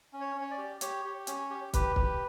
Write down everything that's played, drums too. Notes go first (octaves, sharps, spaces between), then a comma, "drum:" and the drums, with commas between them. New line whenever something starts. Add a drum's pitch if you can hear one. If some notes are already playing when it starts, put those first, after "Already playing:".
C#4
C#5
C#4
C#5
D5
G4
G4 C#5, drum: hi-hat
G4
C#4 C#5, drum: hi-hat
G4
G4 B4, drum: kick, hi-hat
G4, drum: kick